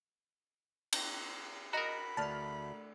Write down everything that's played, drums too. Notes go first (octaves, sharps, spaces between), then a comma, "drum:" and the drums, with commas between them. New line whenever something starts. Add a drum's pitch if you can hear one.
drum: cymbal
F#4 A#4 D#5 A#5 B5
D2 A5 F6